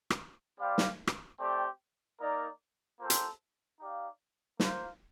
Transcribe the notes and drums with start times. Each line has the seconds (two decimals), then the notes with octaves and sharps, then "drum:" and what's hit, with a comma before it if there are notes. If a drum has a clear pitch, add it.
0.10 drum: rim click
0.59 G3 C4 G4 D5 F5
0.78 drum: snare
1.07 drum: rim click
1.39 A3 C4 G4 D5 G5
2.20 A#3 D#4 A#4 D5
2.99 A#3 F4 A4 C5 G5
3.10 drum: hi-hat
3.80 D#4 G4 D5 F5
4.60 A#3 F4 C5 F5, drum: snare